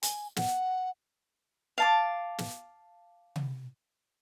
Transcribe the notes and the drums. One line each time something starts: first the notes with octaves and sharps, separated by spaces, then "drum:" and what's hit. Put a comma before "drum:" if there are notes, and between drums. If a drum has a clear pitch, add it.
G#5, drum: hi-hat
F#5, drum: snare
F5 A5 D6
drum: snare
drum: tom C3